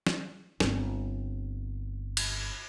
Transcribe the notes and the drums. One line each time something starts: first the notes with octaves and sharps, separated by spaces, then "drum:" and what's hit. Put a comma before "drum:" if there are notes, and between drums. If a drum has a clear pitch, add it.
drum: snare
G1 C4, drum: snare
drum: cymbal